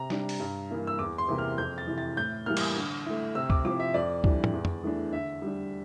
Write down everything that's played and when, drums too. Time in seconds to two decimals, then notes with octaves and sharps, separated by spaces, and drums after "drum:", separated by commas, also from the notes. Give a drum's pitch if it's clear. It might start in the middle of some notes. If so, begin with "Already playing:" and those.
Already playing: C3 A#5
0.10 G3 D4, drum: snare
0.29 drum: open hi-hat
0.40 G2
0.69 E3 A#3 E4
0.87 E6
0.99 E2 D6
1.18 C6
1.28 C3 E3 A#3 E4
1.38 F6
1.58 F2 G6
1.78 A6
1.87 C3 E3
1.98 A6
2.17 A2 G6
2.46 E3 G3 A#3 F6
2.57 drum: cymbal
2.76 D3
3.06 A3 E4
3.35 C3 E6
3.50 D6, drum: kick C#2
3.65 F3 C4 E4 D6
3.80 E5
3.94 F2 D5
4.24 E3 G3 D4, drum: kick C#2
4.44 drum: tom
4.54 E2
4.65 drum: tom F2
4.83 E3 A3 D4
5.12 D3 E5
5.42 G3 D4